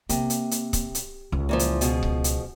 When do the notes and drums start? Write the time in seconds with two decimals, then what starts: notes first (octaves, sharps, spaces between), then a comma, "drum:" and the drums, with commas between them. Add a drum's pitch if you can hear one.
0.09 C3 A#3, drum: hi-hat
0.30 drum: hi-hat
0.51 drum: hi-hat
0.73 drum: kick C#1, hi-hat
0.95 drum: hi-hat
1.32 C#2
1.49 A#2 E3 F3
1.59 drum: hi-hat
1.81 B2 F3 G#4, drum: hi-hat
2.03 drum: kick C#1
2.24 drum: hi-hat